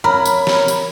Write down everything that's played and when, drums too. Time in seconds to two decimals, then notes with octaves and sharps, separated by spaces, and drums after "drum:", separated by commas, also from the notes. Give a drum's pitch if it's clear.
0.04 A#4 C#5 B5
0.26 drum: tambourine
0.47 drum: snare
0.68 drum: tambourine